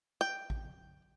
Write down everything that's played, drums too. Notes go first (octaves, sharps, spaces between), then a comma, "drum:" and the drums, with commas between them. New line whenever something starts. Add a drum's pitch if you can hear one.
G5
drum: kick A1